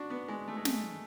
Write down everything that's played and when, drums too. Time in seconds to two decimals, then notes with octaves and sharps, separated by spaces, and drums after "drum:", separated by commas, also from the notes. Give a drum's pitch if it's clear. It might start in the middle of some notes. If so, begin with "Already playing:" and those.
Already playing: D4 F#4
0.10 B3
0.28 G#3
0.48 A3
0.57 G#3
0.65 A3, drum: snare